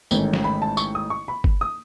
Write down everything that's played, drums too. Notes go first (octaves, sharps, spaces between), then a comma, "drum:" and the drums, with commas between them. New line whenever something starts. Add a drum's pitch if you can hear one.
A1 G#2 D#3 A3 C#4, drum: tambourine
drum: snare
B5
A5
C#6, drum: tambourine
D#6
C#6
B5
drum: kick G1
D#6